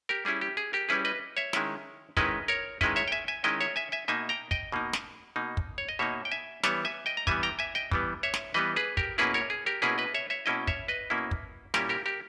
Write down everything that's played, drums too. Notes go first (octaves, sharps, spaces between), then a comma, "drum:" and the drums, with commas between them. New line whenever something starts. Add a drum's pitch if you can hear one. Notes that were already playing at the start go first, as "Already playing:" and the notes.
G4 A#4
G3 C#4 E4 G#4
G4
G#4
G4 A#4
G3 C#4 E4 G#4 B4
B4 D#5
C#5 E5
D#3 G#3 C#4 E4, drum: snare
D#3 G#3 C#4 E4 B4 D#5, drum: kick
A#4 C#5
D#3 G#3 C#4 E4 B4 D#5, drum: kick
C#5 E5
G5
E5 G#5
E5 G#5
D#3 G#3 C#4 E4 D#5 G5
C#5 E5
E5 G#5
E5 G#5
B2 A#3 D#4 E5 G#5
G5 A#5
D#5 G5, drum: kick
B2 A#3 D#4
drum: snare
B2 A#3 D#4
drum: kick
C#5
D#5
B2 A#3 D#4 C#5 E5
G5
E5 G#5
E3 G3 B3 C#5 E5, drum: snare
E5 G#5
D#5 G5
A#5
E3 G3 B3 E5 G#5, drum: kick
G5 A#5
E5 G#5
D#5 G5
E3 G3 B3, drum: kick
C#5 E5
drum: snare
E3 G3 B3 B4 D#5
G#4 B4
G4 A#4, drum: kick
B2 A#3 C#4 E4 G#4 B4
A#4 C#5
G#4
G4 A#4
B2 A#3 C#4 E4 G#4 B4
B4 D#5
C#5 E5
C#5 E5
B2 A#3 C#4 E4 D#5 G5
C#5 E5, drum: kick
B4 D#5
B2 A#3 C#4 E4
drum: kick
A#2 G3 C#4 E4 G4 A#4, drum: snare
G4 A#4
G4 A#4